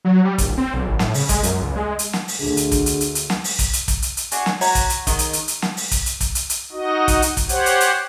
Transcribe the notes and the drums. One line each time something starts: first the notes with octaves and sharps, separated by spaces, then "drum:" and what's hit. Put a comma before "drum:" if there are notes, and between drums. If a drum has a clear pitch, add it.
F#3
G3
D1, drum: kick, hi-hat
C4
B1
G#1
A2, drum: snare
C#3, drum: open hi-hat
G#3, drum: kick, hi-hat
F#2, drum: hi-hat
C#2
G#3
drum: hi-hat
drum: snare
drum: open hi-hat
D2 D4 G#4
drum: hi-hat
drum: kick, hi-hat
drum: hi-hat
drum: hi-hat
drum: hi-hat
drum: snare
drum: open hi-hat
drum: kick, hi-hat
drum: hi-hat
drum: kick, hi-hat
drum: hi-hat
drum: hi-hat
D4 F#4 G#4, drum: hi-hat
drum: snare
F#4 C#5 F#5 A#5, drum: open hi-hat
drum: kick, hi-hat
drum: hi-hat
D#3 G#3, drum: kick, hi-hat
drum: hi-hat
drum: hi-hat
drum: hi-hat
drum: snare
drum: open hi-hat
drum: kick, hi-hat
drum: hi-hat
drum: kick, hi-hat
drum: hi-hat
drum: hi-hat
D#4 F#4 D#5
drum: kick, hi-hat
drum: hi-hat
drum: kick, hi-hat
G4 C5 C#5 F#5, drum: hi-hat
drum: hi-hat
drum: hi-hat